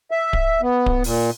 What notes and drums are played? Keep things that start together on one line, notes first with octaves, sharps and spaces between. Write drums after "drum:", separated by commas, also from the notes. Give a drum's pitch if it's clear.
E5
drum: kick D1
B3
drum: kick D1
A#2, drum: open hi-hat